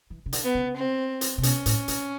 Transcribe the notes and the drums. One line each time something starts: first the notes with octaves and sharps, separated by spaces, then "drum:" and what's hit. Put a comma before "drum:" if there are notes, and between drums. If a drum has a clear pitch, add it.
E3
C#3
D3, drum: hi-hat
B3
C#3
C4
drum: hi-hat
C3
B2 C#4, drum: hi-hat
A2, drum: hi-hat
A2, drum: hi-hat